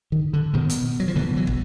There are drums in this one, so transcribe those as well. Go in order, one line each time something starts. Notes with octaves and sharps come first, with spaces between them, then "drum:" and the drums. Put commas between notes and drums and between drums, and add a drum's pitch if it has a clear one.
D#3
D3
B2 D#3
drum: hi-hat
F#3
F3
B2 D3 E3
E3 F#3
drum: kick